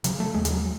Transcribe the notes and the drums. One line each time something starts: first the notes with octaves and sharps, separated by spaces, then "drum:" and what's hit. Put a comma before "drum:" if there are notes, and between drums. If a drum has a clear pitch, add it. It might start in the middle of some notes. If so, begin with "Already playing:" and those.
C#3 F#3, drum: hi-hat
A3
D#2 G#3
G#3, drum: hi-hat
F#3